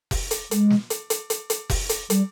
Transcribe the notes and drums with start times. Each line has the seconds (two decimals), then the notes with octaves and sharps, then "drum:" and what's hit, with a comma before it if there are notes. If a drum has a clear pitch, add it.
0.11 drum: kick F1, open hi-hat
0.31 drum: hi-hat
0.51 G#3, drum: hi-hat
0.70 drum: snare
0.90 drum: hi-hat
1.10 drum: hi-hat
1.30 drum: hi-hat
1.50 drum: hi-hat
1.70 drum: kick F1, open hi-hat
1.89 drum: hi-hat
2.10 G3, drum: hi-hat